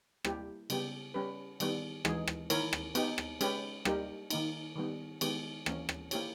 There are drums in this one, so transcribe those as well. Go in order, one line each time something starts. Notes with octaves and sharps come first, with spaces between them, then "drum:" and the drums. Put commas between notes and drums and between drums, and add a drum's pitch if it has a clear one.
G3 A#3 E4 G4, drum: rim click
C#3 G3 B3 G4, drum: cymbal
G3 C#4 G4 B4
D#3 G3 B3, drum: cymbal
E3 G#3 D#4 G#4, drum: rim click
drum: rim click
D#3 A#3 E4 A#4 C#5, drum: cymbal
drum: rim click
B3 D#4 G4, drum: cymbal
drum: rim click
G#3 C#4 G4 B4, drum: cymbal
G3 A#3 D#4 G4 A#4, drum: rim click
D#3 A#3 D#4, drum: cymbal
D#3 G3 B3
D#3 G#3 B3 G4, drum: cymbal
E3 A#3 C#4, drum: rim click
drum: rim click
A#3 E4 G4 C#5, drum: cymbal